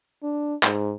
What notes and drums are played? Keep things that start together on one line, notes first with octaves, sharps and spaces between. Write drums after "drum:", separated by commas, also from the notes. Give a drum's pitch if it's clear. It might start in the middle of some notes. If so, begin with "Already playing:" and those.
D4
G#2, drum: clap